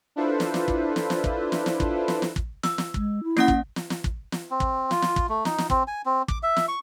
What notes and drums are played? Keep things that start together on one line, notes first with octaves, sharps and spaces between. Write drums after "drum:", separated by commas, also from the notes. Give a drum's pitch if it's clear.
D4 E4 F4 A4 B4 C5
drum: snare
drum: snare
drum: kick
drum: snare
drum: snare
drum: kick
drum: snare
drum: snare
drum: kick
drum: snare
drum: snare
drum: kick
E6, drum: snare
drum: snare
G#3, drum: kick
E4
A#3 C#4 F#5, drum: snare
drum: kick
drum: snare
drum: snare
drum: kick
drum: snare
C4
drum: kick
F4, drum: snare
drum: snare
drum: kick
A3
D#4, drum: snare
drum: snare
C4, drum: kick
G#5
C4
D6, drum: kick
E5
drum: snare
C#6